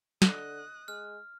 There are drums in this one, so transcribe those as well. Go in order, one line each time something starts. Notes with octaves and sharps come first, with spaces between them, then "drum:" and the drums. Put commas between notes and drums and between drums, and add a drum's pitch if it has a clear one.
D3 D#5 D#6 F#6, drum: snare
G#3 F6